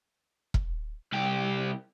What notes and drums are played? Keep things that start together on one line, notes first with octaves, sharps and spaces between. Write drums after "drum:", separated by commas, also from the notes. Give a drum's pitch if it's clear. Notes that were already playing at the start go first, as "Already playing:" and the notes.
drum: kick E1
C2 G4